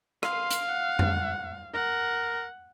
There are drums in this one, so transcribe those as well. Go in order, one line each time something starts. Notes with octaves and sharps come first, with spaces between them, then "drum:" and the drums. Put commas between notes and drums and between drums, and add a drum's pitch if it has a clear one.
F5 C6, drum: rim click
drum: hi-hat
F#5
drum: tom F2
A#4 F#5